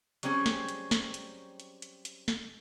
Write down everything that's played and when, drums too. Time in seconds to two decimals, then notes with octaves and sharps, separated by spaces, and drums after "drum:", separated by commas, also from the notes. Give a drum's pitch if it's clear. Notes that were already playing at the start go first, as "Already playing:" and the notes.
0.23 F#3 G3 C4 C#4 G#4, drum: hi-hat
0.46 drum: snare
0.69 drum: hi-hat
0.91 drum: snare
1.14 drum: hi-hat
1.60 drum: hi-hat
1.82 drum: hi-hat
2.05 drum: hi-hat
2.28 drum: snare